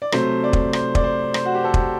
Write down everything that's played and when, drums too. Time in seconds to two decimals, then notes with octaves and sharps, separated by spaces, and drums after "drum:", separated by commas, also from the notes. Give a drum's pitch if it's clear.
0.02 D5
0.12 C3 F#3 A3 C5, drum: rim click
0.44 D5
0.53 drum: kick
0.73 C5, drum: rim click
0.95 D5, drum: kick
1.04 C5
1.34 C5, drum: rim click
1.45 F#4
1.55 G4
1.64 A4
1.74 drum: kick